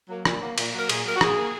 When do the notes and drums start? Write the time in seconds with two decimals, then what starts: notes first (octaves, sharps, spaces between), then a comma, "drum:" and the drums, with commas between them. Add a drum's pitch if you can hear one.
0.09 F#3 A#3
0.25 A#2, drum: rim click
0.42 F#3 A#3
0.58 A#2, drum: cymbal
0.73 F#3 A#3 A#4
0.89 A#2 G#4, drum: cymbal
1.05 F#3 A#3 A#4
1.16 F#4
1.21 A#2 G#4, drum: rim click
1.38 A#3